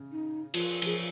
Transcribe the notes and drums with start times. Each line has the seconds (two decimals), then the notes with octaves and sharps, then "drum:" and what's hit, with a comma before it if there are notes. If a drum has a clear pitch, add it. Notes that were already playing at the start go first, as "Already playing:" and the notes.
Already playing: C#3
0.12 D#4
0.54 F3 F4, drum: cymbal
0.82 F3, drum: cymbal
0.87 G#4